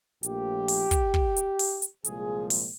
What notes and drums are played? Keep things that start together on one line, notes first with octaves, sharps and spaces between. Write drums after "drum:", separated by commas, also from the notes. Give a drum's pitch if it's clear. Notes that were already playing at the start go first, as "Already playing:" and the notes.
A#1 A#2 F3 A3 G4, drum: hi-hat
drum: open hi-hat
drum: kick, hi-hat
drum: kick
drum: hi-hat
drum: open hi-hat
drum: hi-hat
C2 A#2 F3 G#3 G#4, drum: hi-hat
drum: open hi-hat